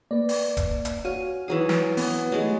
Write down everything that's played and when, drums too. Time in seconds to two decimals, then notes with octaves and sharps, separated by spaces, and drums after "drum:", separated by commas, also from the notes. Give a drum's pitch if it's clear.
0.11 A#3 B4 D5
0.29 drum: open hi-hat
0.57 drum: kick D#1, hi-hat
0.85 drum: hi-hat
1.05 F#4 C#5 F5 G#5 F6
1.48 E3 F#3 G#4
1.69 drum: snare
1.97 B3, drum: open hi-hat
2.32 F#3 G#3 A3 G4